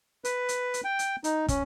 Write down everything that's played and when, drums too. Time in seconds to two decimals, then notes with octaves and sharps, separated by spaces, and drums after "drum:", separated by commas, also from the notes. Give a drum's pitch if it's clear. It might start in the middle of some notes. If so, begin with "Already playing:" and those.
0.25 B4, drum: hi-hat
0.49 drum: hi-hat
0.74 drum: hi-hat
0.84 G5
0.99 drum: hi-hat
1.24 D#4, drum: hi-hat
1.48 C#4, drum: kick, hi-hat